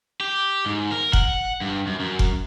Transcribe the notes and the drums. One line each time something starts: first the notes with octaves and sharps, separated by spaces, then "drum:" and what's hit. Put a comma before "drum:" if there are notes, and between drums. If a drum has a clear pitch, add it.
G4
G#2
A#4
F#5, drum: kick F1
G2
F#2
F#2
drum: kick F1